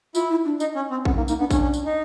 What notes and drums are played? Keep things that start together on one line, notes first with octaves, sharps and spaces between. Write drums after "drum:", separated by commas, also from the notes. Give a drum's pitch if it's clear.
E4 F4, drum: tambourine
E4
D4
D#4, drum: tambourine
C#4
C4
B3 C#4, drum: kick A#1
A#3 D#4
A#3 D#4, drum: tambourine
B3 D4
C#4 D4, drum: kick A#1, tambourine
C#4
drum: tambourine
D#4